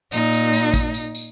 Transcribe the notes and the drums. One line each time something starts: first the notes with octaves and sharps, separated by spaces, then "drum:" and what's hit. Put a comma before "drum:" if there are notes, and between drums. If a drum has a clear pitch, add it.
A#2 D#4, drum: tambourine
drum: tambourine
drum: tambourine
drum: kick A1, tambourine
drum: tambourine
drum: tambourine